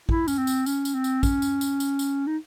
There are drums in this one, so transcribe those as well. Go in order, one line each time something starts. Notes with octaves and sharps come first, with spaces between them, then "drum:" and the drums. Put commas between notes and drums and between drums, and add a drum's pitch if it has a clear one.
E4, drum: kick
C#4, drum: tambourine
C4
drum: tambourine
C#4, drum: tambourine
drum: tambourine
C4
drum: tambourine
C#4, drum: kick, tambourine
drum: tambourine
drum: tambourine
drum: tambourine
drum: tambourine
D#4